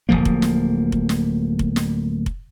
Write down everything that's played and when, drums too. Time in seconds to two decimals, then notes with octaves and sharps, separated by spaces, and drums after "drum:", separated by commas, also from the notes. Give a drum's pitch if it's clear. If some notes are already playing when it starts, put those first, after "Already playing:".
0.09 D1 C2 F3 A#3
0.25 drum: kick F1
0.42 drum: snare
0.92 drum: kick F1
1.09 drum: snare
1.59 drum: kick F1
1.76 drum: snare
2.26 drum: kick F1